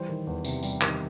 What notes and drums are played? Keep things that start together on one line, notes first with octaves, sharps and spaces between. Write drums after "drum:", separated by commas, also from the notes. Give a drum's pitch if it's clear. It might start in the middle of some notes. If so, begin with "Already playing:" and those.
Already playing: E3 G3 C5
D#3
E2
C3, drum: tambourine
G3, drum: tambourine
D#3, drum: clap